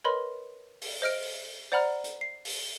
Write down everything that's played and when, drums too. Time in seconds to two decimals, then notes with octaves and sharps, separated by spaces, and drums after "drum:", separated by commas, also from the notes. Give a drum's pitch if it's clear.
0.04 A#4 B4 C#5 D#5 B5 C6
0.82 drum: open hi-hat
1.02 C5 D#5 F6 D7
1.22 drum: open hi-hat
1.72 C5 D5 F#5 A#5 B5 F6
2.04 drum: hi-hat
2.21 C7
2.45 drum: open hi-hat